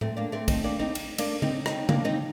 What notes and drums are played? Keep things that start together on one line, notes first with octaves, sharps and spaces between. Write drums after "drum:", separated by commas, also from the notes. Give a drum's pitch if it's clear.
A3 C4, drum: tom A2
A#3 D4
A3 C4
C4 D#4, drum: kick, cymbal
A#3 D4
C4 D#4
drum: cymbal
A#3 D4, drum: cymbal
C4 D#4, drum: tom C#3
C4 D#4, drum: rim click
A#3 D4, drum: tom C#3
C4 D#4